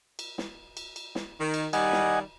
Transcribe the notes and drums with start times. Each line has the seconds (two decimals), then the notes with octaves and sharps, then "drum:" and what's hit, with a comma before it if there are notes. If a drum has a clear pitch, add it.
0.19 drum: cymbal
0.38 drum: snare
0.77 drum: cymbal
0.96 drum: cymbal
1.15 drum: snare
1.39 D#3
1.54 drum: cymbal
1.73 D#3 G3 D#5 F#5 G#5, drum: cymbal
1.92 drum: snare